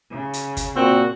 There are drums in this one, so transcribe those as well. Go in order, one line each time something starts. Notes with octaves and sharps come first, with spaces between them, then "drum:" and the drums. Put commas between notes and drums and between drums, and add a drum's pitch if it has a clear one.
C#3
drum: hi-hat
drum: kick, hi-hat
A#2 C4 F#4